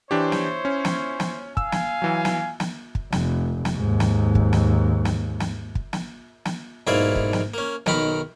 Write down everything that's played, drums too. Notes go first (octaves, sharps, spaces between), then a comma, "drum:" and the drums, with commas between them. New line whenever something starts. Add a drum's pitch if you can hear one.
E3 D4 E4 G4 C5 C#5
drum: snare
C#4
drum: snare
drum: snare
F5 G#5 E6, drum: kick
drum: snare
E3 F#3
drum: snare
drum: snare
drum: kick
F1, drum: snare
drum: snare
D#2 G#2
drum: snare
drum: kick
drum: snare
drum: snare
drum: snare
drum: kick
drum: snare
drum: snare
B1 G#2 A#3 E4 D5 F5
drum: kick
drum: snare
A#3 C#4
B1 D#3 A#4 B5, drum: snare